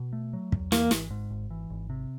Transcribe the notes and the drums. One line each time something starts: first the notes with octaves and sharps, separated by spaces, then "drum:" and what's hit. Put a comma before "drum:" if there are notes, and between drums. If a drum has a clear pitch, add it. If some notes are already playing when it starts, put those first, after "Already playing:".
Already playing: B2
A3
F#3
E2, drum: kick
E3 A#3, drum: snare
G#1, drum: snare
G#2
G#1
E3
G#1
C3